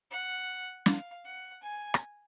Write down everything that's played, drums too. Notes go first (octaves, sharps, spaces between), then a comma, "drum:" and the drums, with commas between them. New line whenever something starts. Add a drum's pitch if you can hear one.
F#5
F5, drum: snare
F#5
G#5
drum: rim click